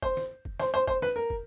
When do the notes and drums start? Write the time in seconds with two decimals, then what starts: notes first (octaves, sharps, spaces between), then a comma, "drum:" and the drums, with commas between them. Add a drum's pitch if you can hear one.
0.02 C5, drum: kick
0.17 drum: snare
0.45 drum: kick
0.60 C5, drum: snare
0.74 C5
0.87 C5, drum: kick
1.02 B4, drum: snare
1.16 A#4
1.30 drum: kick